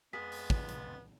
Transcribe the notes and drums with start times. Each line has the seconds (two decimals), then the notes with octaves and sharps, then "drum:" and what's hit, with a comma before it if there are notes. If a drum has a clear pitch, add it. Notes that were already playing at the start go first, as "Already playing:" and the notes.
0.13 F2 G#3 B3 G#4 A6 B6
0.32 drum: open hi-hat
0.50 drum: kick
0.68 drum: hi-hat